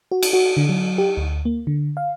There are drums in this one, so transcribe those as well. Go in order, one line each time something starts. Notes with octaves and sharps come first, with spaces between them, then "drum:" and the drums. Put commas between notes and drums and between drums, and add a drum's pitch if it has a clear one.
F#4
drum: cymbal
F#4
D3
F#3
G4
D2
A#3
D3
F5